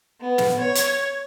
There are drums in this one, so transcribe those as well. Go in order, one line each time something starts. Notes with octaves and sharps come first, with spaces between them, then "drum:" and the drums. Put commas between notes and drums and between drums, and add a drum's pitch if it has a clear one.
B3
drum: snare
C#5
drum: hi-hat